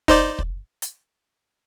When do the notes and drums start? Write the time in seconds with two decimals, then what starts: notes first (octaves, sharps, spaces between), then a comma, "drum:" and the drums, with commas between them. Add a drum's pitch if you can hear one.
0.08 D#4 C5 D5, drum: kick
0.39 drum: kick
0.82 drum: hi-hat